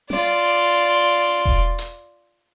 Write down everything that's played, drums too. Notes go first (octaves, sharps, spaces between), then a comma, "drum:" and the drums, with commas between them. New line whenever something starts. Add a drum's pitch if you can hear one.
F4 D5, drum: snare
drum: kick E1
drum: hi-hat